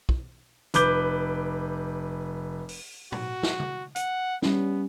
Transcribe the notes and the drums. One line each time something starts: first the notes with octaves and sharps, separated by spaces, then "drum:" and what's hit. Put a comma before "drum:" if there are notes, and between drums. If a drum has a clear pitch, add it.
drum: kick
F1 B4 D6 G6 G7, drum: hi-hat
drum: open hi-hat
F#4, drum: tom A2
drum: snare
drum: tom C#3
F#5, drum: hi-hat
G3 B3 C#4, drum: snare